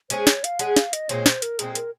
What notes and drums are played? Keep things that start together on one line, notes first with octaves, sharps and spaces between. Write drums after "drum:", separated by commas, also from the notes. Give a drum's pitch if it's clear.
G#3 C#4 G#4 C5, drum: hi-hat
C#5, drum: snare
F5, drum: hi-hat
G#3 C#4 G#4 F#5, drum: hi-hat
F5, drum: snare
D#5, drum: hi-hat
A#2 G#3 C4 C#5, drum: hi-hat
C5, drum: snare
A#4, drum: hi-hat
A#2 G#3 C4 G#4, drum: hi-hat
A#4, drum: hi-hat